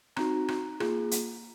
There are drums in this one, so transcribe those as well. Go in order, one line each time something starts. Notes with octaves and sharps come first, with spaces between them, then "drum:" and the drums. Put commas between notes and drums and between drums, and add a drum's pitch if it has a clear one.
C4 D#4 F#4 A#5, drum: rim click
drum: rim click
A#3 F4 G#4, drum: rim click
drum: hi-hat